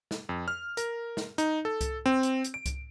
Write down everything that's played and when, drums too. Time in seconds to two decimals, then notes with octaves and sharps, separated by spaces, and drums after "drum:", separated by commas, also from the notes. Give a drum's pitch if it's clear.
0.11 drum: snare
0.29 F2
0.48 F6
0.77 A#4, drum: hi-hat
1.17 drum: snare
1.38 D#4, drum: hi-hat
1.65 A4
1.81 drum: kick C2, hi-hat
2.06 C4
2.23 drum: hi-hat
2.44 drum: hi-hat
2.54 D7
2.66 drum: kick C2, hi-hat